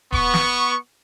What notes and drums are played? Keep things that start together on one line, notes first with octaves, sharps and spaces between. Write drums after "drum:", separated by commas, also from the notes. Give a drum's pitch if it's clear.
B3 C#6, drum: kick D#1
drum: snare